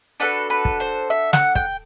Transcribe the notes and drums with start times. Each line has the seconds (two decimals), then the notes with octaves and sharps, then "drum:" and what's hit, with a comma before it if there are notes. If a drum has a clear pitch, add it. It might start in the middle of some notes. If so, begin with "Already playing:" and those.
0.20 D4 F#4 A4 B4
0.50 B4
0.65 drum: kick
0.80 C5
1.10 E5
1.33 F#5, drum: snare
1.55 G5, drum: kick